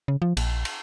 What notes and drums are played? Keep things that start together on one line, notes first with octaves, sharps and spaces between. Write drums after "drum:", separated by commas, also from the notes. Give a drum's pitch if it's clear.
C#3
F3
A#1, drum: cymbal
drum: cymbal